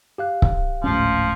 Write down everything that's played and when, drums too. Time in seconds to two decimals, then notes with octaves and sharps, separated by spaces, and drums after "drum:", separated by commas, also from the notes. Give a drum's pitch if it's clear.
0.18 G4 F5 F#6
0.42 drum: kick C#1
0.84 D1 G#1 A2 F3 C#4